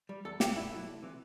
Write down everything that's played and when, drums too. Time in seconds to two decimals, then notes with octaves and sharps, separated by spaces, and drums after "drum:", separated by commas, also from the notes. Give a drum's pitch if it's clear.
0.09 G3
0.25 E2 A4
0.40 B2 A3 G4, drum: snare
0.56 G2 E4
0.72 F#3 A3
0.87 C2
1.02 C3 E3